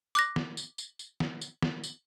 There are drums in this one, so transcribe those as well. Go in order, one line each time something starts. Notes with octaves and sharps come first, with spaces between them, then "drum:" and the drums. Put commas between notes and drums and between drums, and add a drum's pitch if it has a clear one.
D6 F#6 A#6, drum: tambourine
drum: snare
drum: tambourine
drum: tambourine
drum: tambourine
drum: snare
drum: tambourine
drum: snare
drum: tambourine